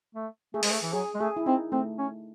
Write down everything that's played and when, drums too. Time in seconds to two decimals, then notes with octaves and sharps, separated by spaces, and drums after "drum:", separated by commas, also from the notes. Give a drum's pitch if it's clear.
0.15 A3
0.54 A3 G#4
0.63 G#3, drum: open hi-hat
0.71 A3
0.83 E3
0.93 F#3 G#4
1.15 G#3
1.20 A3 G#4
1.36 E4
1.46 C4 D#4
1.72 A3 C4
1.98 C#4